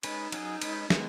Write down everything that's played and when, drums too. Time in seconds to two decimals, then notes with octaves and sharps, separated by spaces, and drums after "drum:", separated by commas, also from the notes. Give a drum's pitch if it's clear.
0.03 G#3 C#4 D#4 B4, drum: cymbal
0.32 F#3 C#4 G#4, drum: cymbal
0.62 G#3 C#4 B4, drum: cymbal
0.90 D#3 F#3 G#3 B3, drum: snare